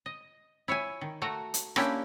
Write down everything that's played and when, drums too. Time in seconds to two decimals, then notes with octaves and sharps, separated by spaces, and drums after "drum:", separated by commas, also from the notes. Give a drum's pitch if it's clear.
0.06 D#5
0.68 E4 C#5 E5 G#5
1.01 D#3
1.22 A3 F#4 A#5
1.54 drum: hi-hat
1.76 A#3 C#4 D4 E4 G4, drum: rim click